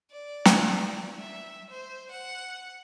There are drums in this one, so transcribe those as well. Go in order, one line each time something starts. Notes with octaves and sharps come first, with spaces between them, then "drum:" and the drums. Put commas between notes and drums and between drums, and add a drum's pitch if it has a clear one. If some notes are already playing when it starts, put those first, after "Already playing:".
D5
drum: snare
D5
E5
C5
F#5